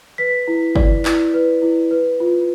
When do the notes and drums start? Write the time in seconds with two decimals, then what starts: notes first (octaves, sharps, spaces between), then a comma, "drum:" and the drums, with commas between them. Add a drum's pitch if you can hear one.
0.18 B4 B6
0.48 E4
0.76 D5, drum: kick
1.05 E4, drum: clap
1.34 B4
1.62 E4
1.91 B4
2.20 F4